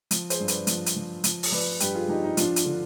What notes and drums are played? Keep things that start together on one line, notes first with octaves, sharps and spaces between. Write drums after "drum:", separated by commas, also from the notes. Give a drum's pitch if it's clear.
F3, drum: hi-hat
G#4 C5, drum: hi-hat
G2
B4 D5, drum: hi-hat
F3, drum: hi-hat
drum: hi-hat
F3
F3, drum: hi-hat
drum: open hi-hat
F3 B4 D5
G2 G4 B4, drum: hi-hat
F4 G#4
F3 D#4 G4
D#4
F3 D4 F4, drum: hi-hat
drum: hi-hat
D3